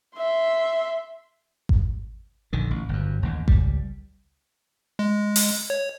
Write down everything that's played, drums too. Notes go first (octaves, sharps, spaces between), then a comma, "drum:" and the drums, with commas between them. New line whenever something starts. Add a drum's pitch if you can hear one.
E5 C6
drum: kick G#1
A#1 D3 D#3
A1
G1 F#2
A1 D#2
C#2 G3, drum: kick G#1
G#3
drum: open hi-hat
C#5